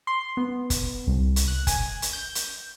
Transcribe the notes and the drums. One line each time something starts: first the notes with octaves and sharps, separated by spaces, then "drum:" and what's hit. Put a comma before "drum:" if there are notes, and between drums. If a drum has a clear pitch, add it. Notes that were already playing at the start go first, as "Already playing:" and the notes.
C6
B3
drum: kick F1, hi-hat
C2
drum: hi-hat
F#6
G#5, drum: kick F1, hi-hat
drum: hi-hat
G6
drum: hi-hat